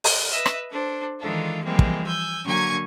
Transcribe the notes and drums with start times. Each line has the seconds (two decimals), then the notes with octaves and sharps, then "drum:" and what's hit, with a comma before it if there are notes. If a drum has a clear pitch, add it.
0.04 drum: open hi-hat
0.31 B4 D#5 E5
0.46 drum: rim click
0.72 D4 A4 C5
1.20 D#3 E3 G#3 D4 F4 A4
1.64 E3 F3 G3 G#3 A#3 C4
1.79 drum: kick
2.05 G#5 E6 G6
2.45 D3 F#3 A#3 G#5 C#6 G#6